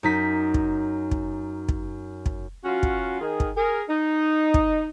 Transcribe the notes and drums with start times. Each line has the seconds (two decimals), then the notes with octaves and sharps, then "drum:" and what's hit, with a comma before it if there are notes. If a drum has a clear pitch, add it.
0.03 F#2 D#4 B6
0.54 drum: kick
1.11 drum: kick
1.69 drum: kick
2.26 drum: kick
2.64 F#3 C#4 F4 F#4
2.83 drum: kick
3.20 D#3 G#4
3.40 drum: kick
3.57 G#4 A#4
3.89 D#4
4.54 drum: kick